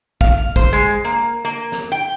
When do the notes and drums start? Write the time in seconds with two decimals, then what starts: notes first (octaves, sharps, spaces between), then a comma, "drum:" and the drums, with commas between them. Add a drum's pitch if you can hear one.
0.21 F5, drum: kick
0.56 C5, drum: kick
0.73 G#3
1.04 A#3
1.45 A#3
1.72 drum: snare
1.92 G5